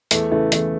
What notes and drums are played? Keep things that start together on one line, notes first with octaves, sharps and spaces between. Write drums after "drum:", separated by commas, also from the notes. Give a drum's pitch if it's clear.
E2 A3, drum: hi-hat
C#3 E3 A3
E2 A3, drum: hi-hat